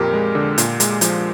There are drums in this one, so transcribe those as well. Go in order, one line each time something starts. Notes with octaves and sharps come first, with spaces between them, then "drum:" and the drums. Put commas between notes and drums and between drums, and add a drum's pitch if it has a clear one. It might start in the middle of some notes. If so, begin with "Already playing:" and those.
Already playing: F2 A#2 G4 A#4
G#3
D3
A#2, drum: hi-hat
G#3, drum: hi-hat
F3, drum: hi-hat